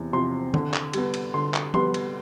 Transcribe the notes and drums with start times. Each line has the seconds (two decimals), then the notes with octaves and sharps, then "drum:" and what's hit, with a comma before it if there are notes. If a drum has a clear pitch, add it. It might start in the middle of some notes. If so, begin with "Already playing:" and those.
Already playing: E2 C3
0.13 C3 F3 C6
0.54 D3, drum: tom
0.73 drum: clap
0.93 G3 B3, drum: cymbal
1.14 drum: cymbal
1.34 D3 C6
1.54 drum: clap
1.74 G3 B3 C6, drum: tom
1.94 drum: cymbal